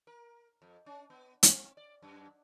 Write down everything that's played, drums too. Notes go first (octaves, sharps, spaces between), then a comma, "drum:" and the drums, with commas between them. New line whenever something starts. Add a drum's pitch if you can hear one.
A#4
F2
C#4
B3
C4, drum: hi-hat
D5
F#2